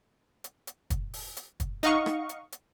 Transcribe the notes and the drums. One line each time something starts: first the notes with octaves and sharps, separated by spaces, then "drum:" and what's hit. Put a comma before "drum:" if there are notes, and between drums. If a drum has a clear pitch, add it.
drum: hi-hat
drum: hi-hat
drum: kick, hi-hat
drum: open hi-hat
drum: hi-hat
drum: kick, hi-hat
D#4 D#5 F5 F#5 C#6, drum: hi-hat
drum: rim click
drum: hi-hat
drum: hi-hat